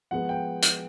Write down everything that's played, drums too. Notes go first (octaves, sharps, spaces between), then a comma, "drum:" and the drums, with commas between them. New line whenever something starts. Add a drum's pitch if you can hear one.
F3 G#3 B3 F#5
G5
drum: hi-hat